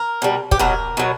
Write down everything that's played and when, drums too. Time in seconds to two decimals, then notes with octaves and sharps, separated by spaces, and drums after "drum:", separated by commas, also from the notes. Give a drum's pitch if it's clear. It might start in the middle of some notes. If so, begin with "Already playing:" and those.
Already playing: A#4
0.22 B2 G3
0.51 G4, drum: kick
0.60 B2 F#3 A#4
0.97 B2 F#3